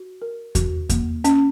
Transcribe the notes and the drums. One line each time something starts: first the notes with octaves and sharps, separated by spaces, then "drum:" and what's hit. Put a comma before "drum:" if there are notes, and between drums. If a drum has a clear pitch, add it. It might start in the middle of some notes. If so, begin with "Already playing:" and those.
Already playing: F#4
A#4
F#4, drum: kick E2, hi-hat
A#3, drum: kick E2, hi-hat
C#4, drum: hi-hat